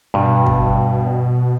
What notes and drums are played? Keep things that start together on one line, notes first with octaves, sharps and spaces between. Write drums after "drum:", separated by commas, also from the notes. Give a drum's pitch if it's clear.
G2 B2
drum: kick